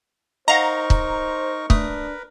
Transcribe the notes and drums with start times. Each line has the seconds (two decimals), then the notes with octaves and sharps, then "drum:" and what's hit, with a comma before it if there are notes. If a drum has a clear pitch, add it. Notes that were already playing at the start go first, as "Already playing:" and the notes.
0.48 D#4 A#4 C5 D#5 F5 F#5 A#5 C#6
0.90 drum: kick
1.70 A3 D4 A#4 B4 D#6, drum: kick